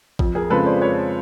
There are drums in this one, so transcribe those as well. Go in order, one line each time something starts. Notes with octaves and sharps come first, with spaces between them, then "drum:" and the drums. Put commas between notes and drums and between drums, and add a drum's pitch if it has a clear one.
F2, drum: kick A1
G#4 A#4
C#3 F3 G#3 C4 A4 B4
C5 D5
F2 B4 C#5